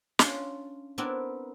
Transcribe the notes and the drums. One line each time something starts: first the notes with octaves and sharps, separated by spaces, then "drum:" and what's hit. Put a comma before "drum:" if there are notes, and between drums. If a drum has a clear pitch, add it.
C#4 D4 F4 C6, drum: snare
B3 C4 D4 E4 A#4 D5